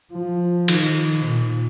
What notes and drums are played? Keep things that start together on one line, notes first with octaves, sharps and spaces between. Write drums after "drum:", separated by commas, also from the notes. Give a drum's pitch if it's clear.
F3
D#3, drum: cymbal
A#2